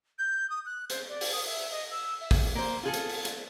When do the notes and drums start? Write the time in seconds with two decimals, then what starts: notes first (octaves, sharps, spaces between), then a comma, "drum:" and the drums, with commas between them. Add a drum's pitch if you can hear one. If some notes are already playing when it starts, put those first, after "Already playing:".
0.19 G6
0.50 D#6
0.66 F#6
0.90 C5, drum: hi-hat
1.09 D5
1.21 drum: open hi-hat
1.32 D#6
1.46 E5
1.71 D#5
1.91 E6
2.21 E5
2.31 drum: kick, open hi-hat
2.55 A#3 C5
2.83 F4 G#4 A4
2.94 drum: hi-hat
3.09 drum: open hi-hat
3.25 drum: hi-hat